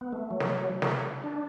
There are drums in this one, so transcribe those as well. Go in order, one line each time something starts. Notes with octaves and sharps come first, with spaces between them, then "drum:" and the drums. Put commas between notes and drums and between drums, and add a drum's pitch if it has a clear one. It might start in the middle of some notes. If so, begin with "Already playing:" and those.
B3
A3
F#3
drum: snare
F#3
drum: snare
D4